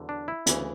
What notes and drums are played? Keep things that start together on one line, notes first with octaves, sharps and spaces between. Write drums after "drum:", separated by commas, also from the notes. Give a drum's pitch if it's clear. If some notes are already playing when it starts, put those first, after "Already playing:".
Already playing: E2 D3 F#3
D4
E4
D2 C#3 E3, drum: hi-hat